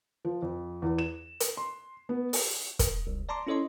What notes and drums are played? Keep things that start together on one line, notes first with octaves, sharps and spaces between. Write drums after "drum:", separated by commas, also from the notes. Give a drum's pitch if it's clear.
F3
F2
E2
E7
drum: hi-hat
C6
B3
drum: open hi-hat
drum: kick, hi-hat
C2
D5 A5 A#5 C6 D6
C#4 E4 A4 C#5 D#5 C6